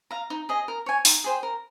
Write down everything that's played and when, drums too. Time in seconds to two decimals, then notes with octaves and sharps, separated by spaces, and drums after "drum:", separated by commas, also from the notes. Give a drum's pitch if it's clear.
0.11 F5 A#5
0.30 D#4
0.49 G#4 D#5
0.68 A#4
0.86 C#5 G#5
1.05 D#4, drum: open hi-hat
1.24 G#4 C5 G5
1.43 A#4